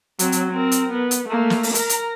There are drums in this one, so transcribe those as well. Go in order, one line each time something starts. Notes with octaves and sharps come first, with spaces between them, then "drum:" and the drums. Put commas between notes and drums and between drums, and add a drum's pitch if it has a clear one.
F#3 C4, drum: hi-hat
drum: hi-hat
C4 A#4
drum: hi-hat
B3
drum: hi-hat
A3 A#3
drum: snare
drum: open hi-hat
A#4 A#5, drum: hi-hat
drum: hi-hat